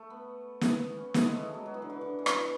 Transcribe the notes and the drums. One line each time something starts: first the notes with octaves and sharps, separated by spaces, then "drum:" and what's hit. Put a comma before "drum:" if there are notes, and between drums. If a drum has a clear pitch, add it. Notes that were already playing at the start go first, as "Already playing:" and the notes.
Already playing: A3
B3
B3, drum: snare
C#4
B3, drum: snare
G#3
A3
G#3
F#3
F#3
E3
D3
E3
D3
E3
F#3, drum: rim click
E3